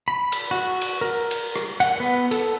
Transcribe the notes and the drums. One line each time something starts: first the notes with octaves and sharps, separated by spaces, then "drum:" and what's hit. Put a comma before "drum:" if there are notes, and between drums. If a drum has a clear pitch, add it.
B5
drum: cymbal
F#4
drum: cymbal
A#4
drum: cymbal
drum: rim click
F#5, drum: cymbal
B3
A4, drum: cymbal